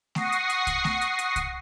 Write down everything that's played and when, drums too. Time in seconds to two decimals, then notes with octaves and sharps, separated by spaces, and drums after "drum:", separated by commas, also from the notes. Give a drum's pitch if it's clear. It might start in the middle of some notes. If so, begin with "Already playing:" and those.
0.15 F#5 C#6 D#6 A#6 C7, drum: snare A3
0.32 drum: hi-hat
0.50 drum: hi-hat
0.67 drum: kick C2, hi-hat
0.84 drum: snare A3
1.01 drum: hi-hat
1.19 drum: hi-hat
1.36 drum: kick C2, hi-hat